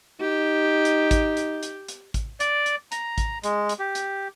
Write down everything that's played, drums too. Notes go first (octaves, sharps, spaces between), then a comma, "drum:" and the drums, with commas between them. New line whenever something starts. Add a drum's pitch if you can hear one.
D#4 G4
drum: hi-hat
drum: kick A1, hi-hat
drum: hi-hat
drum: hi-hat
drum: hi-hat
drum: kick A1, hi-hat
D5, drum: hi-hat
drum: hi-hat
A#5, drum: hi-hat
drum: kick A1, hi-hat
G#3, drum: hi-hat
drum: hi-hat
G4
drum: hi-hat